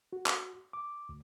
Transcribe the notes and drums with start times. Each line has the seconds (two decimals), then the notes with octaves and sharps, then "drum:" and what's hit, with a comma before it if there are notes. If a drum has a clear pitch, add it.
0.13 F#4
0.26 drum: clap
0.73 D6
1.09 D2